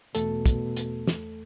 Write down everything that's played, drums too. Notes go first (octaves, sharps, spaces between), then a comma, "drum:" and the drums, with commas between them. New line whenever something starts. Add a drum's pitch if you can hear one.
E2 B2 A3 A4, drum: hi-hat
drum: kick, hi-hat
drum: hi-hat
drum: snare